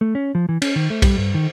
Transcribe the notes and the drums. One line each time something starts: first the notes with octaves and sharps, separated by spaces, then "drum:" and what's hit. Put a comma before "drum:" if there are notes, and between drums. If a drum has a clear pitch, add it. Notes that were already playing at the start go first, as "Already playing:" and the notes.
A3
C#4
F3
E3
C#4, drum: cymbal
D#3
A3
G3, drum: kick B1, cymbal
G2
D#3